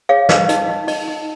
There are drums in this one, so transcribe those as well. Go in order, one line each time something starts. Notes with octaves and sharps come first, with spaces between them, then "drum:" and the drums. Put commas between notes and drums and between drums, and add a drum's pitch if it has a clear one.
G#4 C#5 F5
B4 D#5, drum: snare
D#4 D#5, drum: hi-hat
D#4
D#4 D#5, drum: open hi-hat
D#4